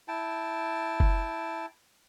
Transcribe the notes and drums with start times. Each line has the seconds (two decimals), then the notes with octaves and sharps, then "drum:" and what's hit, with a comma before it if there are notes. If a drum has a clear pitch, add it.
0.08 E4 G5 A5
1.00 drum: kick